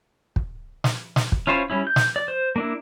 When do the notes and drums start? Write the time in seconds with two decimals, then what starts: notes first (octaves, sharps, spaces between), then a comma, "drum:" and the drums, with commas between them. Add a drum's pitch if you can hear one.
0.36 drum: kick
0.84 drum: snare
1.16 drum: snare
1.32 drum: kick
1.47 C#4 E4 F4 C5 C#5
1.70 G3 C#4 E4
1.87 G6
1.96 drum: snare
2.16 D5
2.28 C5
2.56 A#3 D4 E4